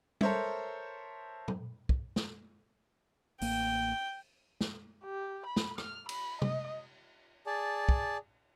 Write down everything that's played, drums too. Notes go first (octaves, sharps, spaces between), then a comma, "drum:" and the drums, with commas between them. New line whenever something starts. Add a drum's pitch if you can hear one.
A4 A#4 C5 C#5 E5, drum: tom G3
drum: tom
drum: kick
drum: snare
A1 A#3 G5, drum: open hi-hat
drum: snare
G4
B5
drum: snare
F6, drum: rim click
B5, drum: cymbal
D#5, drum: tom
G#4 D5 A5
drum: kick